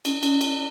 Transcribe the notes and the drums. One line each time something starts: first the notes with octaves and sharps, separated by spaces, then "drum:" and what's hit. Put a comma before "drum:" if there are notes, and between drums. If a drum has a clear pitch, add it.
C#4, drum: cymbal
C#4, drum: cymbal
drum: cymbal